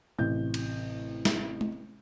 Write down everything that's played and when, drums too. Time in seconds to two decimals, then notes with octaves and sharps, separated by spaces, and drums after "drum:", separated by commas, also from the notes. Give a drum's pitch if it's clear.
0.18 A1 C3 G6
0.54 drum: cymbal
1.25 drum: snare
1.61 drum: tom G#3